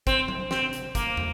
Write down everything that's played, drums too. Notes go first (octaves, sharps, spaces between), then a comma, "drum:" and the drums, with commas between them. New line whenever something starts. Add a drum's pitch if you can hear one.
C4, drum: kick, hi-hat
drum: tom F#3
C4, drum: snare
drum: hi-hat
A#3, drum: kick, hi-hat
drum: tom